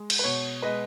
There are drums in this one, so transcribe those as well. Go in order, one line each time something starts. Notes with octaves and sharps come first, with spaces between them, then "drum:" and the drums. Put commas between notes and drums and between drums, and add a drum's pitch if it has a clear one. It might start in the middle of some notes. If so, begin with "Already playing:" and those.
Already playing: G#3
drum: cymbal
B4
B2 C#5
G#3 B4 D#5